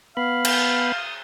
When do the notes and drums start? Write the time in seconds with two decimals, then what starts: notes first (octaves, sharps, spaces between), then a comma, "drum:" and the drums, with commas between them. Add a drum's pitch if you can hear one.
0.17 B3 F5 B5
0.45 drum: cymbal
0.98 D#6